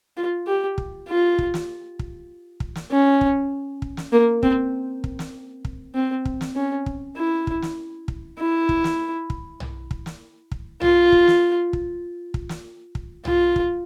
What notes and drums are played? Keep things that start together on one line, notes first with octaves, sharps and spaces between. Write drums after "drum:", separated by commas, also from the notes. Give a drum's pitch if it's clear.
F4
G4
drum: kick
F4
drum: kick
drum: snare
drum: kick
drum: kick
drum: snare
C#4
drum: kick
drum: kick
drum: snare
A#3
C4, drum: kick
drum: kick
drum: snare
drum: kick
C4
drum: kick
drum: snare
C#4
drum: kick
E4
drum: kick
drum: snare
drum: kick
E4
drum: kick
drum: snare
drum: kick
drum: tom B1
drum: kick
drum: snare
drum: kick
F4, drum: tom B1
drum: kick
drum: snare
drum: kick
drum: kick
drum: snare
drum: kick
F4, drum: tom B1
drum: kick